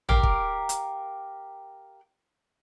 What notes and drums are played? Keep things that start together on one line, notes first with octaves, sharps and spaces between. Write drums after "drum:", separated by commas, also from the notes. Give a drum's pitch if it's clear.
G4 A#4 F5, drum: tom
drum: kick
drum: hi-hat